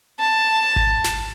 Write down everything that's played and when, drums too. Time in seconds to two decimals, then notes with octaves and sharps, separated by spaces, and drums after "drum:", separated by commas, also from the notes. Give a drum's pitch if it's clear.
0.19 A5
0.76 drum: kick G#1
1.04 drum: snare